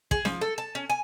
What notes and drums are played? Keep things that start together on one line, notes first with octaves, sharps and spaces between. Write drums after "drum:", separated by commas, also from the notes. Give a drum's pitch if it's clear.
G#4, drum: kick
F3, drum: snare
A4
A5
C#4
G#5